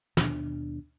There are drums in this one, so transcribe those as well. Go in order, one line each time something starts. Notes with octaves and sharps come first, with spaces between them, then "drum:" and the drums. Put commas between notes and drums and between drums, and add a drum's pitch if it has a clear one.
D#2 B2 D4, drum: snare